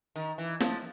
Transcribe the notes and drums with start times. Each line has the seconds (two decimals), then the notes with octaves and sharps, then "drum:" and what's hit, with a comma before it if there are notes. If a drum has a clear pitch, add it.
0.16 D#3
0.38 E3
0.60 F3, drum: snare